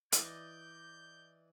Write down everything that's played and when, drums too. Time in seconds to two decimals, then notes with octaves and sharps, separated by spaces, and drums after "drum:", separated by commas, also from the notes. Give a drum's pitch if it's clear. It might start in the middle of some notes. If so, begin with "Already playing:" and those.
0.12 E3 D5 D#5 G6, drum: hi-hat